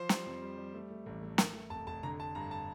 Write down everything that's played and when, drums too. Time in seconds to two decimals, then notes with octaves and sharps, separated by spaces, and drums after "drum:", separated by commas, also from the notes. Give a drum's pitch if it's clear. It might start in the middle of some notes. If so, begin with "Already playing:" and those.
Already playing: F3 C5
0.09 G3, drum: snare
0.26 F2
0.42 G3
0.58 G3
0.74 A3
0.91 A3
1.06 A1
1.23 A3
1.38 A3 A#4, drum: snare
1.54 A3
1.70 F1 A5
1.87 F1 A5
2.03 D3 A#5
2.19 D3 A5
2.35 G2 A#5
2.51 A5